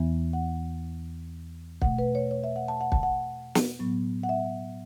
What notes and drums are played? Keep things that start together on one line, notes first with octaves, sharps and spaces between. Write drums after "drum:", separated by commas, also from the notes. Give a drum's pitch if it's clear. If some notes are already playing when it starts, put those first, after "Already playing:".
Already playing: E2 E3 B3 E5
F#5
B2 A3 F#5, drum: kick
B4
C#5
C#5
E5
F#5
A5
F#5
A5, drum: kick
F#5
drum: snare
A2 F#3 B3
F#5
E5